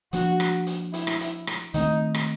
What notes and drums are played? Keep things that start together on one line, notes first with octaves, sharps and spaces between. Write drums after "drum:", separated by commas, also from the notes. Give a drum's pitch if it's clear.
F3 A#3 D4 F#4, drum: hi-hat
drum: rim click
drum: hi-hat
E4, drum: hi-hat
drum: rim click
drum: hi-hat
drum: rim click
D#3 F#3 A3 C4 D#4, drum: hi-hat
drum: rim click